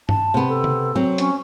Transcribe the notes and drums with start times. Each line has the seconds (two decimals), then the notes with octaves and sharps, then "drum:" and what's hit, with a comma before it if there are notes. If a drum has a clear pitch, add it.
0.09 A5, drum: tom G2
0.34 C3 B3
0.49 A4
0.64 drum: tom C#3
0.95 F#3 C4
1.18 C#4, drum: hi-hat